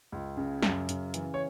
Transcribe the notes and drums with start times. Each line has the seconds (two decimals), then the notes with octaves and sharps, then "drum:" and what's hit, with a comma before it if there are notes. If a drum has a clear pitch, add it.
0.12 C#2
0.37 C#3
0.63 F#2, drum: snare
0.89 C#3, drum: hi-hat
1.14 E3, drum: hi-hat
1.34 C#5